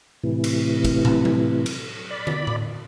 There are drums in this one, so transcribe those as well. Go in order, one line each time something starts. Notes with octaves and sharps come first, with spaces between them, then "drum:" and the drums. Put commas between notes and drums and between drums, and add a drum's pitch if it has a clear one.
A2 C3 E3
drum: cymbal
drum: kick, cymbal
drum: tom
drum: tom
drum: cymbal
D5 B5
drum: tom
drum: tom A2